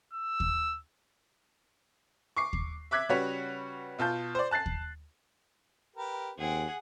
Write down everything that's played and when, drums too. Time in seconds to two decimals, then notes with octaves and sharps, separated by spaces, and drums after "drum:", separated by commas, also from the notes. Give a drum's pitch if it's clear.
0.13 E6
0.40 drum: kick D#2
2.37 C#6 D6 C7
2.53 drum: kick D#2
2.91 E5 D6 F#6 G#6 B6
3.09 C#3 G3 F#4 B4 C#5
3.98 B2 F4 A5 G6
4.35 C5 D5
4.51 A5 F#6 A6 C7
4.66 drum: kick D#2
5.96 G4 A#4 B4
6.38 D#2 C4 G#4 F#5